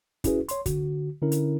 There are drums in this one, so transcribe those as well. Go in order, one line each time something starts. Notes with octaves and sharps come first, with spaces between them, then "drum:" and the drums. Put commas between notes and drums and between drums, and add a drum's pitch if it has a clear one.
C#4 E4 F#4 G#4 B4, drum: kick, hi-hat
C#5 C6, drum: hi-hat
D3 F#4, drum: kick, hi-hat
D3 C#4 E4 A#4
drum: hi-hat